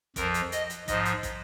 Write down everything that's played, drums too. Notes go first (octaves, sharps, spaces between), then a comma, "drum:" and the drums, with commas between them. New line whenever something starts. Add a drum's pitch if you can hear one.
F2 F3 A#4, drum: kick, hi-hat
drum: hi-hat
D#5, drum: hi-hat
drum: hi-hat
G#2 F3 D#5, drum: kick, hi-hat
drum: hi-hat
drum: kick, hi-hat